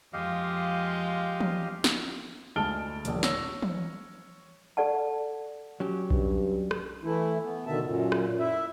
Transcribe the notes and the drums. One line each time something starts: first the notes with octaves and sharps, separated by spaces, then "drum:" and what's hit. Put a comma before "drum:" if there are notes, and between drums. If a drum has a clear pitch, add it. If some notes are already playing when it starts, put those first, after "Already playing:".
F2 G#3 F4 G4 D#5 F5
drum: tom E3
drum: snare
D2 G#3 A5 F6 D7 G7
D#1 A#1, drum: hi-hat
C#5 E6 A#6, drum: snare
drum: tom E3
A4 D5 F#5 A5
F#3 C#4 G4
G2, drum: kick B1
drum: rim click
E3 A3 E4
B3
B2 D3 D#3 E5 A5
F#2 A#2
drum: rim click
E4 E5